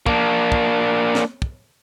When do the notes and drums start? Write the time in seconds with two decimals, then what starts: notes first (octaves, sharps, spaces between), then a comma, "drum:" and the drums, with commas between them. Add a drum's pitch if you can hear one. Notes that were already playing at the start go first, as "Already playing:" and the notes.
0.06 A#3 D4, drum: kick
0.52 drum: kick
1.15 drum: snare
1.42 drum: kick